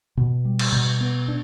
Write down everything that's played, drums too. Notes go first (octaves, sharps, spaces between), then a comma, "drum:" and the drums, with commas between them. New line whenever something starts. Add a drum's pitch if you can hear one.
B2
G3
drum: cymbal
B2
B3
D4